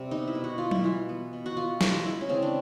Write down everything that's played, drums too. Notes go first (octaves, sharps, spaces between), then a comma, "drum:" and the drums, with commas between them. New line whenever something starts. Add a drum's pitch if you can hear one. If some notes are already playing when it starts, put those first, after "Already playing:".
Already playing: C3 G3
B3 D#4
E4
B2
F#4
B3 F4
E4, drum: tom F#3
E3 F4
B3
B2
F#4
B3 F4
E3, drum: snare
G#3 E4
C#4
C#3 C4
D4